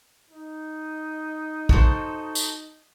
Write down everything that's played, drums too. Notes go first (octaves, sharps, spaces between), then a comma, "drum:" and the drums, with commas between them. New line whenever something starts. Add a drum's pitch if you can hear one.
D#4
F#4 A4 C5, drum: kick
drum: tambourine